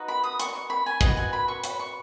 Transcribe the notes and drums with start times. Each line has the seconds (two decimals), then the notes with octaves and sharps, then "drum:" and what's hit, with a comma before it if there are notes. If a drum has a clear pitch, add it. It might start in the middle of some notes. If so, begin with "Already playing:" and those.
Already playing: D#4 F#4 B4 D#5
0.08 B5
0.23 D#6
0.40 C#6, drum: hi-hat
0.55 C#6
0.70 B5
0.86 G#5
1.01 F#4 B4 D#5, drum: kick, hi-hat
1.17 G#5
1.33 B5
1.48 C#6
1.64 B5, drum: hi-hat
1.79 C#6